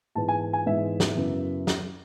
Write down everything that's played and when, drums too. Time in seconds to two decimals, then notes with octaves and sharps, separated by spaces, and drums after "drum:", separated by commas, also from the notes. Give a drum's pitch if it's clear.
0.15 G#2 E3 G#3 B3 A5
0.28 G#5
0.53 G#5
0.66 G#2 E3 G#3 B3 E5
1.00 drum: snare
1.17 F#2 C#3 F#3 B3 E4
1.67 drum: snare